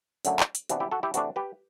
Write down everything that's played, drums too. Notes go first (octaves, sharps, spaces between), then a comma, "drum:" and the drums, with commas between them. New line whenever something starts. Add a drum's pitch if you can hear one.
F#2 D3 F#3 A3, drum: hi-hat
drum: clap
drum: hi-hat
C3 E3 B3 D4 F#4, drum: hi-hat
E4 G4
F#4 A4
E4 G4
C3 E3 A3 D4 F#4, drum: hi-hat
G4 B4